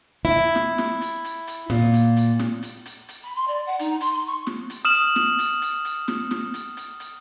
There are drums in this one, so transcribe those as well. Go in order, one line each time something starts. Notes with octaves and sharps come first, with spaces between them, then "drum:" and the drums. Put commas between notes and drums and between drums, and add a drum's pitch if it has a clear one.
E4
drum: snare
drum: snare
drum: hi-hat
drum: hi-hat
drum: hi-hat
A#2, drum: snare
drum: hi-hat
drum: hi-hat
drum: snare
drum: hi-hat
drum: hi-hat
drum: hi-hat
B5
C6
D5
F#5
D#4, drum: hi-hat
C6, drum: hi-hat
C6
C#6
drum: snare
drum: hi-hat
D#6 F6 E7 F#7
drum: snare
drum: hi-hat
drum: hi-hat
drum: hi-hat
drum: snare
drum: snare
drum: hi-hat
drum: hi-hat
drum: hi-hat